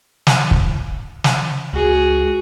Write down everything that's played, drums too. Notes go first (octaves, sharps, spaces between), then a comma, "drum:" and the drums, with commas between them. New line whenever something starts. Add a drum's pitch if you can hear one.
drum: snare
drum: kick
drum: snare
C#2 F#4 G#4